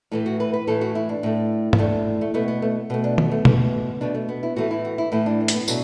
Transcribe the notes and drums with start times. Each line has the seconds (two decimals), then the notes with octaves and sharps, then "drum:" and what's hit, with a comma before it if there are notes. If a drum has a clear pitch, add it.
0.12 A2 E3 A3 A4
0.26 F#4
0.40 B4
0.54 B4
0.67 A2 E3 A3 A4
0.81 F#4
0.95 E4
1.09 D4
1.23 A2 A3
1.73 B3, drum: tom
1.78 A2 A3 D4
2.21 A3
2.34 B2 A3 B3
2.48 B3
2.62 A3
2.90 B2 A3 B3
3.04 D4
3.18 B3, drum: tom
3.31 A3
3.45 B2 A3 B3, drum: tom
4.01 B2 A3 D4
4.15 A3
4.29 B3
4.43 E4
4.56 A2 E3 A3 F#4
4.71 E4
4.85 F#4
4.98 E4
5.12 A2 E3 A3 E4
5.26 D4
5.41 A3
5.48 D4, drum: hi-hat
5.54 B3
5.68 B2 F#3 A3 D4, drum: tambourine